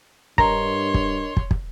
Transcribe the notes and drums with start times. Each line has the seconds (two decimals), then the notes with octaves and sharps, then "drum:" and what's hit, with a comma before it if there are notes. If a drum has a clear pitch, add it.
0.38 G2 D4 A#4 C#5 D#5 A#5 C6, drum: kick
0.94 drum: kick
1.37 drum: kick
1.51 drum: kick